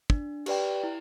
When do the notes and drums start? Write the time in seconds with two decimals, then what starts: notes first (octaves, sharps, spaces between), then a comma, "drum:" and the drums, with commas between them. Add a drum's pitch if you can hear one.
0.10 D4, drum: kick
0.46 G4 B4 D5 G5, drum: cymbal
0.83 E4